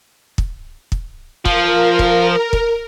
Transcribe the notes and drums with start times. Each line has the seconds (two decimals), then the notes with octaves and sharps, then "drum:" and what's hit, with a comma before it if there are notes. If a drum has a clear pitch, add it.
0.38 drum: kick
0.92 drum: kick
1.45 F3 F4 A#4, drum: kick
1.99 drum: kick
2.53 drum: kick